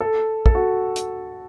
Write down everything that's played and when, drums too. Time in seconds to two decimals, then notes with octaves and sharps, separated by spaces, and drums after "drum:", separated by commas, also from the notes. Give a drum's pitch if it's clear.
0.01 A4
0.46 A4, drum: kick
0.55 F#4
0.96 drum: hi-hat